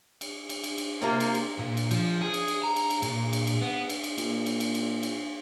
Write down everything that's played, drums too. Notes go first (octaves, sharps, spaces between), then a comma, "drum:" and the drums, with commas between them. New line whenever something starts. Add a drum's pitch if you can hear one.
drum: cymbal
drum: cymbal
drum: cymbal
drum: cymbal
C3 A#3 F4 A#5
drum: cymbal
drum: cymbal
A#2
drum: cymbal
F3, drum: cymbal
G#4
drum: cymbal
drum: cymbal
A#5
drum: cymbal
drum: cymbal
A#2, drum: cymbal
drum: cymbal
drum: cymbal
B3
drum: cymbal
drum: cymbal
A#2, drum: cymbal
drum: cymbal
drum: cymbal
drum: cymbal
drum: cymbal